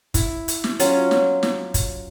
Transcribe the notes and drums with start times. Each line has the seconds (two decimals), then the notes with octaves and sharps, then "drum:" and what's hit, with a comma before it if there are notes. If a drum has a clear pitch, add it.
0.14 E4, drum: kick, hi-hat
0.48 drum: hi-hat
0.64 drum: snare
0.80 F#3 C#4 F4, drum: hi-hat
1.11 drum: snare
1.43 drum: snare
1.74 drum: kick, hi-hat